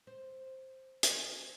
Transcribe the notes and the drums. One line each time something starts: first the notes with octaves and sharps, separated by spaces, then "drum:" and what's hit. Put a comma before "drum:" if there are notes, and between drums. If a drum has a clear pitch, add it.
C5
drum: hi-hat